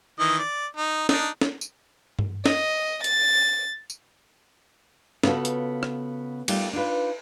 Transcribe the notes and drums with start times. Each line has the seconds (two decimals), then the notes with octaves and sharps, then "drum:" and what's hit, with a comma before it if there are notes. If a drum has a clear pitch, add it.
0.19 D#3 E3 D#5
0.39 D5
0.77 D#4
1.09 D4 D#4, drum: snare
1.41 drum: snare
1.61 drum: tambourine
2.19 drum: tom G2
2.46 D#5, drum: snare
3.04 A6, drum: hi-hat
3.90 drum: tambourine
5.23 C#3 B3 F4 F#4 A4, drum: snare
5.45 drum: hi-hat
5.83 drum: rim click
6.48 G3 A3 D#4 F4, drum: cymbal
6.73 D4 D#4 F4 B4